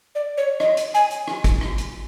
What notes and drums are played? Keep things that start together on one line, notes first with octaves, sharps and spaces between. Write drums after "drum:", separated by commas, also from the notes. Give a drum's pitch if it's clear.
D5
C#5
D#5, drum: rim click
drum: hi-hat
G#5, drum: hi-hat
drum: hi-hat
drum: rim click
drum: kick, hi-hat
drum: rim click
drum: hi-hat